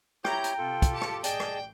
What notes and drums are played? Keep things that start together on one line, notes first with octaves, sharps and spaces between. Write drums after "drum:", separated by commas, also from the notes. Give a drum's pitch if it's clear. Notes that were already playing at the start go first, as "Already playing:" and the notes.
E4 G4 C#5 G5 A#5 G6, drum: rim click
drum: hi-hat
C3 F4 A4
drum: kick, hi-hat
G4 A5 C#7
drum: rim click
A1 G#4 D5 D#5 G5 A5, drum: hi-hat
drum: rim click